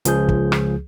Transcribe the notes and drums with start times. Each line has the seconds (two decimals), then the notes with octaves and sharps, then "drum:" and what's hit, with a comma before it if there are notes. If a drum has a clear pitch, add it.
0.05 C#2 F3 G#4 G6, drum: hi-hat
0.29 drum: kick
0.52 drum: rim click